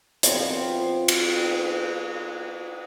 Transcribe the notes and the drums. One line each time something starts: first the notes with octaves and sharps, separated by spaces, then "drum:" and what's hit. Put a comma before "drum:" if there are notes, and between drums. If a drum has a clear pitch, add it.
F3 B3 C4 F4, drum: hi-hat
drum: cymbal